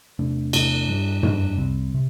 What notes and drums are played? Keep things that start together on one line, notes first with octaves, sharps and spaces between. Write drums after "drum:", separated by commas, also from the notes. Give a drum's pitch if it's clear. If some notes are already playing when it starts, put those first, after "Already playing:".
E2 C3 A3 D4
E2 C3 A3 D4, drum: cymbal
G2 G3 D4
G2 G3 D4, drum: tom
C2 C3 G3 C4
C3